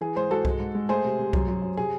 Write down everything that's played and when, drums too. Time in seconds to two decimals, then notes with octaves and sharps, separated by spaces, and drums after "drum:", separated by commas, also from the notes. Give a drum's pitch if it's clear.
0.01 E3 G#4
0.16 G#2 G#4 C5
0.30 G#2 F#4 A4
0.45 G#3, drum: kick C2
0.60 G#2
0.75 G#3
0.89 A3 G#4 C5
1.04 C3
1.19 C3
1.33 F#2, drum: kick C2
1.48 F#2
1.62 F#2
1.77 C3 G#4